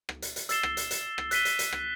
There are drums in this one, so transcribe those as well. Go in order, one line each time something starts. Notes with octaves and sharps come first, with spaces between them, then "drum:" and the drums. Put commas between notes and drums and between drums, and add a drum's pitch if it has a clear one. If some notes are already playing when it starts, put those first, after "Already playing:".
drum: rim click
drum: hi-hat
drum: hi-hat
E6 A6 C7 E7 G7, drum: hi-hat
drum: rim click
drum: hi-hat
drum: hi-hat
drum: rim click
F#6 B6 D#7 G7, drum: hi-hat
drum: hi-hat
drum: hi-hat
drum: rim click